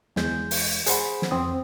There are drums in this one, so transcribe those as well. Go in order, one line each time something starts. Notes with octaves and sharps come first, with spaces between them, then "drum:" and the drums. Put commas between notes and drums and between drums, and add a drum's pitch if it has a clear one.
E2 G#3 G6, drum: snare
drum: open hi-hat
G#4 C5 F#5 B5, drum: hi-hat
drum: snare
F2 C4 D#6